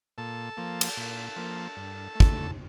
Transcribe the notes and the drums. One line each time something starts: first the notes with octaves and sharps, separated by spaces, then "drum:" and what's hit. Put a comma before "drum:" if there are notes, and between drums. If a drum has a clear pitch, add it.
A#2 A4 A5
F3 A#3
drum: cymbal
A#2
F3 A#3
G2
A3
D3, drum: kick